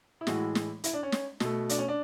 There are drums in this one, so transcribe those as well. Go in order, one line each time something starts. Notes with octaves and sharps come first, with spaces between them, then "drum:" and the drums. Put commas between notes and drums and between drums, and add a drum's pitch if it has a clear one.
E4
A2 E3 G#3 F#4, drum: snare
drum: snare
E4, drum: hi-hat
D4
C#4
drum: snare
B2 A3, drum: snare
D4, drum: hi-hat
C#4
D4